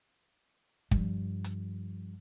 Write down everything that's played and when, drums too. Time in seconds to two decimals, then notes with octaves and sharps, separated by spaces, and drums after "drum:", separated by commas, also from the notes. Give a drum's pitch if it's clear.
0.91 G2 F3, drum: kick
1.44 drum: hi-hat